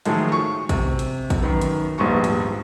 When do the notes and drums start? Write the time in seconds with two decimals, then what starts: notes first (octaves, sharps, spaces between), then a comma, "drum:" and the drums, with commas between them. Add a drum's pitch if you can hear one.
0.05 A2 D#3 F3 F#3 G#3 A3, drum: hi-hat
0.32 C#6
0.69 C3, drum: kick, hi-hat
0.99 drum: hi-hat
1.30 drum: kick, hi-hat
1.42 F#2 D#3 B3
1.61 drum: hi-hat
1.98 D#1 A#1 G#2 B3 C6 C#6
2.24 drum: hi-hat